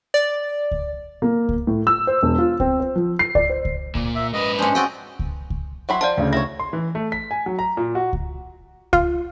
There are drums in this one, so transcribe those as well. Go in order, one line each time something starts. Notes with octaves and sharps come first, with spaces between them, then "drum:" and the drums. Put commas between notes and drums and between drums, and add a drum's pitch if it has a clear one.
D5
drum: kick C#2
A#3
drum: kick C#2
A2
E6
C5
E1
F4
C4, drum: kick C#2
C5
F3
C7
D5, drum: kick C#2
C5
drum: kick C#2
A#2, drum: kick C#2
E5
G#2 B4 D#5
G#3 C#4 D4 C5
C4 F#4 D5 D#5 G5
drum: kick C#2
drum: kick C#2
F#3 E4 F#5 B5 C6
F3 D5 F5 A5
D2 C#3
E4 C#5 A#6
C6
E3
A3
B6
G#5
F#3
A#5
A#2
F#4
drum: kick C#2
F4, drum: kick C#2